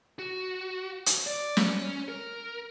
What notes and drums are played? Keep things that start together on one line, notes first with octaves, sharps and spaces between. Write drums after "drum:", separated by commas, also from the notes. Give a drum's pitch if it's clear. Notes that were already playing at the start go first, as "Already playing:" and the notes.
F#4
drum: hi-hat
D5
C#4, drum: snare
A#4